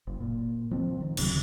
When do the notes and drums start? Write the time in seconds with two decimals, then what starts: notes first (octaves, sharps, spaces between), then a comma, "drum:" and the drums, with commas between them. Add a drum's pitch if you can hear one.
0.07 F#1
0.20 A#2
0.71 F3 C4
1.01 D#3
1.17 D#1 C#3 F#3, drum: cymbal